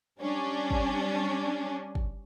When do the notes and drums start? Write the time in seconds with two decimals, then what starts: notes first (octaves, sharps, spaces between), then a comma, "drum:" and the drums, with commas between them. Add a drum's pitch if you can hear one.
0.21 G3 C#4 D4
0.71 drum: kick
1.95 drum: kick